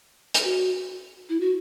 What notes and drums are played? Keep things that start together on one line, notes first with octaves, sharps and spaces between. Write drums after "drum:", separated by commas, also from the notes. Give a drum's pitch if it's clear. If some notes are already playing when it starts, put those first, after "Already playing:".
drum: hi-hat
F#4
E4
F#4